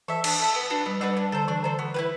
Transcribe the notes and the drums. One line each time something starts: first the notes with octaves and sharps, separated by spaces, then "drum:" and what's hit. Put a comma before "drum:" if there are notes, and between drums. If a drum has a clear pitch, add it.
E3 A4 E5
D4, drum: cymbal
A4 E5
B3
D4 F#4 B4
G3 B3
G3 D4 F#4 B4
D4
D3 A4 C5
E3 D4
D3 A4 C5
E3 B3
E4 G4 B4